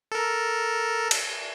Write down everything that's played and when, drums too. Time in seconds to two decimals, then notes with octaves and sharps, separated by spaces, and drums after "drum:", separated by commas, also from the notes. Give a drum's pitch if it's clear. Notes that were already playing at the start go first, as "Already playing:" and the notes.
0.12 A4 A#4
1.11 drum: cymbal